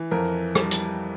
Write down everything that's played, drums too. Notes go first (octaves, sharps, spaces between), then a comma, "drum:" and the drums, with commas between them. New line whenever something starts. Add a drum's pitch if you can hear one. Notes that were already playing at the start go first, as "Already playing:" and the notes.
Already playing: E3
F2 A#4
G3, drum: rim click
drum: hi-hat